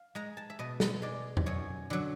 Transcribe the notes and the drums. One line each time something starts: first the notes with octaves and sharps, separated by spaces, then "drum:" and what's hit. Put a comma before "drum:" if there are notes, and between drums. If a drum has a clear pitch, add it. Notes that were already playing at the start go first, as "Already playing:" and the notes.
Already playing: F5
G#3 A#5
A5
E5
B2 D#5
drum: snare
G#3 D5
drum: tom E2
F#2 C#5
D3 F#3